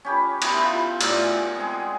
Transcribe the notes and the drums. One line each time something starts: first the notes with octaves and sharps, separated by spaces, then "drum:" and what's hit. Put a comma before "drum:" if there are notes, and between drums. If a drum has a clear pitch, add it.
C#4 G4 B4
B3 E4 C5, drum: cymbal
F4
A2 F4 D5, drum: cymbal
F#5 G#5
G#3 C4 G#4